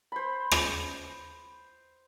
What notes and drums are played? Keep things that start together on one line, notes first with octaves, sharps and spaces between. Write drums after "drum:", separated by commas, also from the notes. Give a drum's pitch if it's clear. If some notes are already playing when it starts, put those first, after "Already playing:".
C5 B5
drum: rim click